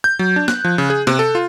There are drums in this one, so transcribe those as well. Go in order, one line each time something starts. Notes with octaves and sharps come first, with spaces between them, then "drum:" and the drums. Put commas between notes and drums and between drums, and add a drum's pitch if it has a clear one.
G6
F#3
D4
F#6, drum: snare
F3
C#3
G#4
C3, drum: snare
A4
F4